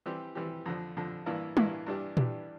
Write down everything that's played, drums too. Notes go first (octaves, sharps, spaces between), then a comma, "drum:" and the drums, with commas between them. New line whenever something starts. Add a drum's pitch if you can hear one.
E3 G3 C4 G4
E3 G3 C4 G4
F2 D3 F3
F2 D3 F3
A1 G2 E3 A#3 E4
A1 G2 E3 A#3 E4, drum: tom
G2 E3 G3 D4 G4
G2 E3 G3 D4 G4, drum: tom A#2